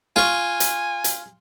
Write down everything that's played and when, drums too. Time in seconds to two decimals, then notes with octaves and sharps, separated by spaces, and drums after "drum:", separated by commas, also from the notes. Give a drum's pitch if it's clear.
0.16 F4 G#5 C#6, drum: snare
0.60 drum: hi-hat
1.04 drum: hi-hat